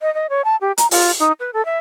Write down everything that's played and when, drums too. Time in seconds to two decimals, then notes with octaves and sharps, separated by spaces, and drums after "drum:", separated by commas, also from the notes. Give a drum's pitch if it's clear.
0.01 D#5
0.14 D#5
0.30 C#5
0.45 A5
0.61 G4
0.78 A#5, drum: hi-hat
0.91 F4, drum: open hi-hat
1.20 D#4
1.40 B4
1.53 A4
1.65 E5